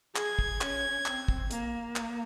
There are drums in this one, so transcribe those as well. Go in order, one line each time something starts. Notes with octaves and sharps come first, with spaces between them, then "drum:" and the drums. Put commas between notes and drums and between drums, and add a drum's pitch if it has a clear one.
G#4 G#6, drum: clap
drum: kick
C#4, drum: clap
C4, drum: clap
drum: kick
A#3, drum: hi-hat
drum: clap